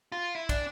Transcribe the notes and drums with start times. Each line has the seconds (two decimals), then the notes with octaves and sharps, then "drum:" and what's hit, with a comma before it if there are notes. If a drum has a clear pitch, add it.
0.12 F4
0.35 E4
0.49 D4, drum: kick, cymbal